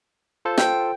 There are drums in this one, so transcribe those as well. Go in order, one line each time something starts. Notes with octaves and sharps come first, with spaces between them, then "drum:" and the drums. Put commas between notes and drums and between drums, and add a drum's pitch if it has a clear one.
F4 A4 C5
G5, drum: snare